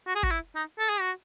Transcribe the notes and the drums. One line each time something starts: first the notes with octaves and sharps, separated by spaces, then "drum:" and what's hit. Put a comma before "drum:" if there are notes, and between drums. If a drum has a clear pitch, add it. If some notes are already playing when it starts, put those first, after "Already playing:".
F#4
G#4
F#4, drum: kick
E4
D#4
A4
G#4
F#4